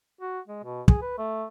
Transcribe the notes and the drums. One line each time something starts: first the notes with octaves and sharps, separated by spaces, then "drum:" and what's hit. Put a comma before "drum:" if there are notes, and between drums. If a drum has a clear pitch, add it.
F#4
G#3
B2
G#4, drum: kick
B4
A3